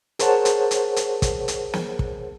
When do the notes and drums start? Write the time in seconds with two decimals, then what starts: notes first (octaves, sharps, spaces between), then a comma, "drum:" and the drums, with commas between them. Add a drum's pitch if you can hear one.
0.19 G#4 A#4 C5 C#5 F#5 A5, drum: hi-hat
0.45 drum: hi-hat
0.71 drum: hi-hat
0.96 drum: hi-hat
1.22 drum: kick, hi-hat
1.48 drum: hi-hat
1.73 drum: snare
1.99 drum: kick